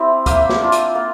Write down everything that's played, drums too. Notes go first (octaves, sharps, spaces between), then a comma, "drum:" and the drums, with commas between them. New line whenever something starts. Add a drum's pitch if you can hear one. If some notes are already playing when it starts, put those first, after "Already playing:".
Already playing: G3 C4 E4
A#3 E5 G5, drum: kick C#2, hi-hat
drum: snare
D4 F4
drum: hi-hat
A#3